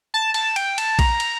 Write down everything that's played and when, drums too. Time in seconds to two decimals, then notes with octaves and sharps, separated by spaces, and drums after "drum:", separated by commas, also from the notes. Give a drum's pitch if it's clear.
0.14 A5
0.34 A5, drum: cymbal
0.56 G5, drum: cymbal
0.78 A5, drum: cymbal
0.99 A#5, drum: kick A#1, cymbal
1.20 drum: cymbal